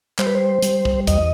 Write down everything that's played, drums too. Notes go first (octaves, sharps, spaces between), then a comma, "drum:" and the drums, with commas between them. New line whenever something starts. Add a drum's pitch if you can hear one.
G3 C5, drum: clap
B4
C5
G3, drum: hi-hat
drum: kick
E2 D#5, drum: kick, hi-hat